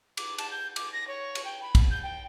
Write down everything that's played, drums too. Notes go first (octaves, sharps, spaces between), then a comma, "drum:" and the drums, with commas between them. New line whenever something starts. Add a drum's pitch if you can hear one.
D6, drum: cymbal
A5, drum: cymbal
G6
D6, drum: cymbal
A#6
C#5
drum: cymbal
G5
B5
drum: kick, cymbal
G6
G5